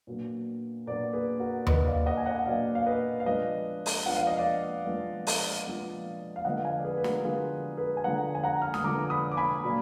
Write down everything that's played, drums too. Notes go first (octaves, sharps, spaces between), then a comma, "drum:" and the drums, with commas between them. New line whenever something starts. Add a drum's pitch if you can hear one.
A#2 F#3 B3 D4
A#2 F#3 B3 D4 A#4 D5
G#4 B4
F#4 A#4
A#2 F#3 B3 D4 B4 D#5, drum: tom D#2
D5 F5
D#5 F#5
G#5
D#5 F#5
F#5
A#2 F#3 B3 D4 D5 F5
F5
B4 D#5
F5
F3 G#3 B3 D4 B4 D#5
drum: open hi-hat
F3 G#3 B3 D4 F#5
F5
D#5
D5 F5
F3 G#3 B3 D4
drum: open hi-hat
F3 G#3 B3 D4
F5
D3 F3 G#3 B3 D4 D#5 F#5
F5 G#5
D5
G#4 B4
B4
F#4 A#4, drum: snare
D3 F3 G#3 B3 D4 F4 G#4
G#4 B4
G#5
D3 F3 G#3 B3 D4 F#5 A#5
G#5
F#5 A#5
F6
D#6, drum: snare
D3 F3 G#3 B3 D4 A#5 D6
D6
B5 D#6
D6
G#5 B5
A#2 F#3 A#3 D4